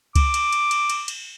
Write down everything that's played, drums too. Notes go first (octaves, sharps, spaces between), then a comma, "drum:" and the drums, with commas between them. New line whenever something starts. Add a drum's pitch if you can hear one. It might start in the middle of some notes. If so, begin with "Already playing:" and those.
D6, drum: kick C#2, cymbal
drum: cymbal
drum: cymbal
drum: cymbal
drum: cymbal
drum: cymbal